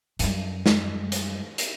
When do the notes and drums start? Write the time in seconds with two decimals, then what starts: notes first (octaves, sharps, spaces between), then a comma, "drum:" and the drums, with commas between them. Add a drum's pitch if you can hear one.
0.19 F#2 G3, drum: hi-hat
0.66 drum: snare G#3
1.12 drum: hi-hat
1.58 drum: hi-hat